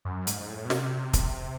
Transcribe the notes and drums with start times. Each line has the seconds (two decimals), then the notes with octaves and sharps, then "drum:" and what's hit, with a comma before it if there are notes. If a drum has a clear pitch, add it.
0.05 F#2
0.27 G#2, drum: hi-hat
0.41 G#2
0.49 A2
0.65 B2
0.70 C3, drum: snare
1.13 drum: kick, hi-hat